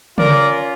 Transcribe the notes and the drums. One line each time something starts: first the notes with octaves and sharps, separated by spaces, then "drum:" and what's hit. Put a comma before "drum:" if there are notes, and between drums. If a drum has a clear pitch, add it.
C#4 F4 A#4 D5, drum: tom C#3